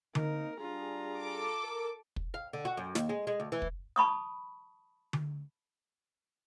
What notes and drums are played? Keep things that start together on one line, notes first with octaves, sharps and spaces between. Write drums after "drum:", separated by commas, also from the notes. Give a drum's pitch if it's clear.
A#3 C4 D#4 A#4, drum: tom D3
G3 D4 F4 G#4 A#5
A4 D6
A#4
drum: kick
F5
D3
F#4
F#2
D#2, drum: snare
G#3
G#3
D2
E3
drum: kick
A5 B5 C#6 D#6
drum: tom D3